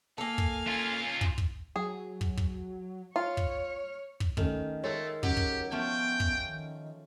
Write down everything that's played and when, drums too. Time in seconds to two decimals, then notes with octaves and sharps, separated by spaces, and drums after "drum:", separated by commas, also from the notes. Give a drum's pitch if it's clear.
0.18 A#3 A4 F5 G#5
0.38 drum: kick
0.67 C#4 F4
1.21 drum: kick
1.38 drum: kick
1.76 F#3 G#4
2.21 drum: kick
2.37 drum: kick
3.16 F4 C#5 F6
3.37 drum: kick
4.20 drum: kick
4.37 D#3 A3 C#4, drum: kick
4.84 G#3 A3 A#4 C#5 E6
5.23 C#3 F#3 G4, drum: kick
5.37 drum: kick
5.71 F3 A3 B3 C#4 G5
6.20 drum: kick
6.44 D#3